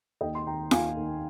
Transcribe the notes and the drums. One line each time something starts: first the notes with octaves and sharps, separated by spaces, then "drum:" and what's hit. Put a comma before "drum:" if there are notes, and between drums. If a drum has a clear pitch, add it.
D#2 D#5 G5
C6
D#3 A#3 G5 A#5
D#2 F5 G#5, drum: snare F4
D#3 A#3